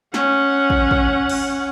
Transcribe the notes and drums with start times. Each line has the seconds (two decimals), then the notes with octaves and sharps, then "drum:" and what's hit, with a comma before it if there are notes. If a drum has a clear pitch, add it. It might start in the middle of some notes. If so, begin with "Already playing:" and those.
0.14 C#4 F#5, drum: snare
0.70 drum: kick
0.91 drum: kick
1.29 drum: cymbal